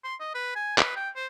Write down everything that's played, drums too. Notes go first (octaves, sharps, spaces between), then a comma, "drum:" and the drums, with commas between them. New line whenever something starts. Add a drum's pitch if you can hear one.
C6
D#5
B4
G#5
B4, drum: clap
G5
C5